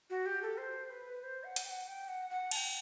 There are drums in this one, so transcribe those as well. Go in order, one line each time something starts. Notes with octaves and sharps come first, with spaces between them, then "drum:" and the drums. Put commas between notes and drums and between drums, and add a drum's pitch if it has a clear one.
F#4
G4
A4
C5
B4
C5
F#5
drum: hi-hat
G5
F#5
G5
F#5
F#5
A5, drum: cymbal
G5